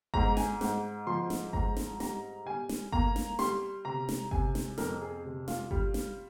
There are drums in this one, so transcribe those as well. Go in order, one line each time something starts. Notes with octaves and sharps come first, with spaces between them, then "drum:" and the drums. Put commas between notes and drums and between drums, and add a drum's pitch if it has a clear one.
G#2 A#5, drum: kick G1
G#5, drum: snare
G#2, drum: snare
F3 C6
drum: snare
G#2 A#5, drum: kick G1
drum: snare
G3 A#5, drum: snare
G3 G#5
drum: snare
A#3 A#5, drum: kick G1
drum: snare
G3 C6, drum: snare
C3 A#5
drum: snare
C3 G#5, drum: kick G1
drum: snare
F2 A#4, drum: snare
G#4
C3
F4, drum: snare
G3, drum: kick G1
drum: snare